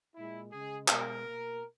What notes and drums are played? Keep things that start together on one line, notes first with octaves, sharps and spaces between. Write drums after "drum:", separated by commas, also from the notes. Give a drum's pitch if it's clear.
A#2 G#3 E4
C#3 G#3 G#4
B2 G#3 A#4, drum: clap
B2 A#3